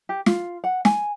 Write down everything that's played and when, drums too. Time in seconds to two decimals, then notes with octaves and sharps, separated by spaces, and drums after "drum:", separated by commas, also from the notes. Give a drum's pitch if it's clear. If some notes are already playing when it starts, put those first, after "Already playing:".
0.09 G4
0.26 F4, drum: snare
0.64 F#5
0.85 G#5, drum: snare